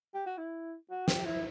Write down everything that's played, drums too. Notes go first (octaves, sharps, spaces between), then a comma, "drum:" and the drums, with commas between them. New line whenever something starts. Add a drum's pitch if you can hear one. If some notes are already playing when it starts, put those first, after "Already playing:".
G4
F#4
E4
F#4
G4, drum: snare
E4